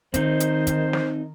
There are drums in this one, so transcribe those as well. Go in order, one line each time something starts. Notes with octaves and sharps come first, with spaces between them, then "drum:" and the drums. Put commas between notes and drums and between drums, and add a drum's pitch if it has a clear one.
D#3 C4 D#4 C5, drum: kick, hi-hat
drum: hi-hat
drum: kick, hi-hat
drum: snare